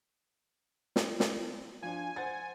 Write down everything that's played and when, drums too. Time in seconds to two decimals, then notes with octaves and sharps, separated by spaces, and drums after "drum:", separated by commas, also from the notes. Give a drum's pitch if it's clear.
0.96 drum: snare
1.20 drum: snare
1.82 F3 D4 G#5
2.16 C5 F#5 A6